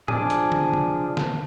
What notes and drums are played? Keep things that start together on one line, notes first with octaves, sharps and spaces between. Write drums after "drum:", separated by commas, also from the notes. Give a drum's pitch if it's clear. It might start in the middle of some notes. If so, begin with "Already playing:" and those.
F3 D4 G#4, drum: tom A2
drum: hi-hat
drum: tom
drum: tom C3
drum: snare